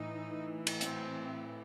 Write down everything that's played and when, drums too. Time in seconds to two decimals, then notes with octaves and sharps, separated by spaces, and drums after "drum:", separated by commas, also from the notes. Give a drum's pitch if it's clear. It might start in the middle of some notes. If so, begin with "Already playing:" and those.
Already playing: A2 E3 D#4
0.67 drum: cymbal
0.81 C4, drum: hi-hat